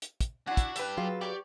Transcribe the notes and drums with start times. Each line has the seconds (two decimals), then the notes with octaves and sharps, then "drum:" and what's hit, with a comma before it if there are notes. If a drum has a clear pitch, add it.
0.02 drum: hi-hat
0.21 drum: kick, hi-hat
0.47 D4 E4 F#4 F#5 G#5
0.57 drum: kick, hi-hat
0.76 D4 G4 B4 E5, drum: hi-hat
0.97 F#3 F4 G#4 F5
1.21 G4 A4 C#5 D5